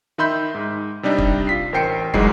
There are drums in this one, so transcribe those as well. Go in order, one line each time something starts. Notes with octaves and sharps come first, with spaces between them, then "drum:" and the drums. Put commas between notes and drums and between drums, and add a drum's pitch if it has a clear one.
D#3 D#4 E5 B5 C6 G6
G#2
C3 G3 D4 D#4
drum: kick
F4 B6 C7
A1 A#4 C5 G5 C7 C#7
C2 G#2 E3 F#3 G#3 C7, drum: kick